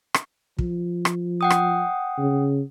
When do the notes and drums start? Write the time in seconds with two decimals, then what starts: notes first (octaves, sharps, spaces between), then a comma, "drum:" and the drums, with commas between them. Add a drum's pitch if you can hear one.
0.14 drum: rim click
0.59 F3, drum: kick
1.05 drum: rim click
1.41 F#5 G5 D#6
1.50 drum: rim click
2.18 C#3